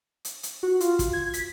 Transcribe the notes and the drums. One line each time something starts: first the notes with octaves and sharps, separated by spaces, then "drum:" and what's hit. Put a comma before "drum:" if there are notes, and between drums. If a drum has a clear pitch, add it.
drum: hi-hat
drum: hi-hat
F#4
F4, drum: hi-hat
drum: kick, hi-hat
G#6
B6, drum: hi-hat